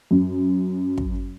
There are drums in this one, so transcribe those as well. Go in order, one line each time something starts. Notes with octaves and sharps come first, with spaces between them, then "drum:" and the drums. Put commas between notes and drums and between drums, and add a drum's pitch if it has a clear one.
F#2
drum: kick